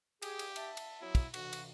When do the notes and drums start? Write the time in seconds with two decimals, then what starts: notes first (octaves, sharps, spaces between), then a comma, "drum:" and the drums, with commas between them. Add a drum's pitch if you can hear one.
0.22 G4 G#4, drum: cymbal
0.39 drum: cymbal
0.56 E5 A5, drum: cymbal
0.77 drum: cymbal
1.01 F#3 B3 E4
1.15 drum: kick, cymbal
1.34 D2 C3 E3 F#4, drum: cymbal
1.53 drum: cymbal